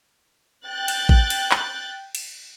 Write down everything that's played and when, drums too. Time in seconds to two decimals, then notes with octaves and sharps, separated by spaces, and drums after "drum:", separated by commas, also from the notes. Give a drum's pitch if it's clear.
0.67 G5 F#6 A6
0.88 drum: cymbal
1.09 drum: kick
1.30 drum: cymbal
1.51 drum: clap
2.15 drum: cymbal